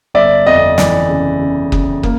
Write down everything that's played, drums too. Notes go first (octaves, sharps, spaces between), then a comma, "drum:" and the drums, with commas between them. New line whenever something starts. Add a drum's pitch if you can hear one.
G1 D5 E5
F2 D#5
E3 D5, drum: snare
C#3
C#3
C#3, drum: kick
A#3, drum: kick